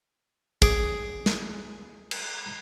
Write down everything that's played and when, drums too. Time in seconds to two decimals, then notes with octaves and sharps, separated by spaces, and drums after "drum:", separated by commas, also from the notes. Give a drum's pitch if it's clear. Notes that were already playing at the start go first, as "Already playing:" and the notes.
0.62 G#4 D6, drum: kick
1.26 drum: snare
2.11 drum: cymbal